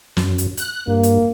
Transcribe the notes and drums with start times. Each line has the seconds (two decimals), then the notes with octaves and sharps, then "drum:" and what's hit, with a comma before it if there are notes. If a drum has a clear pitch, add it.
0.17 F#2, drum: snare
0.38 drum: hi-hat
0.57 F#6, drum: hi-hat
0.87 G2 A#3
1.03 drum: hi-hat